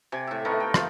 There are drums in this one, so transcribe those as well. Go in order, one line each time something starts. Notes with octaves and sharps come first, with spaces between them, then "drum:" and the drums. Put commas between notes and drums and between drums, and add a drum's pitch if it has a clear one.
C3 G#5 D6
A2 E5
A3 B3 D#4 A#4
G5
F4, drum: rim click